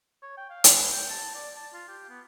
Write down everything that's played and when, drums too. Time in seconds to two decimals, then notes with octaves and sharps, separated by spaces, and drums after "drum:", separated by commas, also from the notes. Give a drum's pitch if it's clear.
0.22 C#5
0.37 G5
0.50 F5
0.64 drum: hi-hat
0.77 B4
0.91 G5
1.10 A5
1.35 D5
1.56 A5
1.73 F4
1.88 G4
2.09 B3